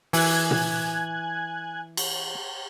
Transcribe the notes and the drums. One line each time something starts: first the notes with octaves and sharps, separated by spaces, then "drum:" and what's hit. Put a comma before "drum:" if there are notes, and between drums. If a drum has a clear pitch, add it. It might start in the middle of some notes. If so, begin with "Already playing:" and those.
E3 G#5 F#6 G#6, drum: open hi-hat
drum: tom A#2
drum: cymbal